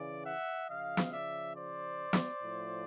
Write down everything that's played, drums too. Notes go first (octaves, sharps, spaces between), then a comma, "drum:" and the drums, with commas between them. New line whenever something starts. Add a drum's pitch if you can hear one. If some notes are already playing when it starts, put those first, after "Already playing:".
Already playing: C#3 E3 D5
E5 F#5
C#3 F3 D#5 F5
drum: snare
D5 E5
C5 D5
drum: snare
A2 F3